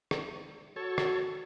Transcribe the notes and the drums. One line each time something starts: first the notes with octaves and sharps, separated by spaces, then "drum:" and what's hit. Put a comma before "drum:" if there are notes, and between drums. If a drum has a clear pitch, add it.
drum: rim click
F#4 A4 C#5
drum: rim click